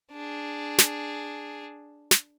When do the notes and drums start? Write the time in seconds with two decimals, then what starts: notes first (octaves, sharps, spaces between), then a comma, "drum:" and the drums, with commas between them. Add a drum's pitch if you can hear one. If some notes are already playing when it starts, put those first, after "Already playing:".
0.12 D4 G#4
0.78 drum: snare
2.11 drum: snare